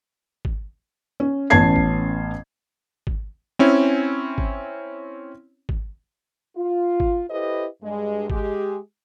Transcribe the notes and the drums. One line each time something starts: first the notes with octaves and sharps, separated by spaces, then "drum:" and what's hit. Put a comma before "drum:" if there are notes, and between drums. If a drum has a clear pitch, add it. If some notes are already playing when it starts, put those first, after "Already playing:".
drum: kick G#1
C#4
A1 B3 C#4 A5 G#6 C7
drum: kick G#1
drum: kick G#1
C4 C#4 E4
drum: kick G#1
drum: kick G#1
F4
drum: kick G#1
E4 G4 A4 B4 C5 D#5
G2 G#3
G#3 G4, drum: kick G#1